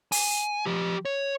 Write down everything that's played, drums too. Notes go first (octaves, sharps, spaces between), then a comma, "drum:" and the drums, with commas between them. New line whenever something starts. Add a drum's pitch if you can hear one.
G#5, drum: open hi-hat
F3 G4
C#5